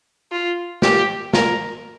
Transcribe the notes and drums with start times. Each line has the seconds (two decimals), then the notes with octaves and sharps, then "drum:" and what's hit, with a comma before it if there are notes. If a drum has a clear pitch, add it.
0.32 F4
0.82 G4, drum: snare
1.33 A#4, drum: snare